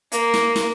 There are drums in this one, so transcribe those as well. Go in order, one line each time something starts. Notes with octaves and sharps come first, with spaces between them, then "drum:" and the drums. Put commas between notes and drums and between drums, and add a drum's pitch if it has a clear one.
A#3, drum: hi-hat
drum: snare
drum: snare